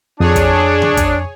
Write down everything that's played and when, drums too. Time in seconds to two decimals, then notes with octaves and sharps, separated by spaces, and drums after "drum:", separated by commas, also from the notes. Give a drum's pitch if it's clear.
0.20 F2 D4 G#4 C#5
0.36 drum: kick, hi-hat
0.82 drum: tom E2
0.97 drum: kick, hi-hat